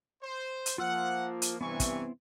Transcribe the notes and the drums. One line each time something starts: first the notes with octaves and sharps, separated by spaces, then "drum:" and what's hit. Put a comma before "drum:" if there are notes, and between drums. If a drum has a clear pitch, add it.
C5
drum: hi-hat
F3 A#3 F4 F#5 E6 F6
drum: hi-hat
G2 C3 E3 B3 C4 E4 G#5 C#6
drum: kick, hi-hat